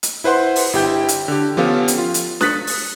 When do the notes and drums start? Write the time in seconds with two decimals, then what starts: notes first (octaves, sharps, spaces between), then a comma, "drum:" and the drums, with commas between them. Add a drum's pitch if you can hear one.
0.03 drum: hi-hat
0.24 E4 B4 C5 F#5 C6
0.56 drum: open hi-hat
0.73 G1 E4 G4 G5 G6
1.08 drum: hi-hat
1.28 D3 G4
1.57 F3 B3 C#4 G4 A4 F5
1.88 drum: hi-hat
1.98 F4
2.14 drum: hi-hat
2.41 D#6 F#6 A6 B6 C#7, drum: snare
2.67 drum: open hi-hat